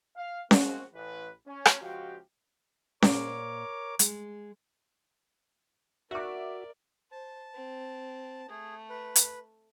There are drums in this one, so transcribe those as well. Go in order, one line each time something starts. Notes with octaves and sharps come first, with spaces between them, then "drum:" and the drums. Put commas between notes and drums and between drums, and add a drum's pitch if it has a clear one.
F5
G#3 A#3 C4 C#4 F#4, drum: snare C#4
A1 E3 B4
C#4
drum: rim click
C#2 F3 F#4 G4 F5 G5
A#2 A#4 C5 C#5 D6, drum: snare C#4
G#3, drum: hi-hat
F#4 A#4 D5 E5 D6
C5 A5
C4
A3 G#4
B4
drum: hi-hat